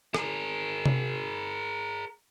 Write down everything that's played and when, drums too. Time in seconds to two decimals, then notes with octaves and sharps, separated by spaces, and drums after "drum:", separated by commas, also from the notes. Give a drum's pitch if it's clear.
0.14 G#4 A#4, drum: rim click
0.86 drum: tom C3